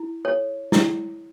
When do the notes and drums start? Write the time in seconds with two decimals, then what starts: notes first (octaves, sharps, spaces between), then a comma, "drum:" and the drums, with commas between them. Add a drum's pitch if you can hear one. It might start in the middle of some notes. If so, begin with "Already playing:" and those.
Already playing: E4
0.25 A4 C#5
0.72 E4, drum: snare